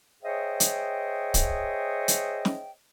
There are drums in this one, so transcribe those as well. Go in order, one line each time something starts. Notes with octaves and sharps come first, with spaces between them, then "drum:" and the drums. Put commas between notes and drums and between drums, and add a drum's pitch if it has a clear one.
G#4 C5 C#5 D#5 E5 G5
drum: hi-hat
drum: kick, hi-hat
drum: hi-hat
drum: snare